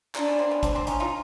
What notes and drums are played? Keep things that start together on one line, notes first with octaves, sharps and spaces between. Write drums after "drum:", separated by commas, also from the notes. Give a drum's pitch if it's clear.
D4 D#4 F4, drum: clap
B3 C#4
A#3 C4
B3 C#4
C4 D4, drum: kick, hi-hat
C4 D4
C#4 D#4, drum: hi-hat
D#4 F4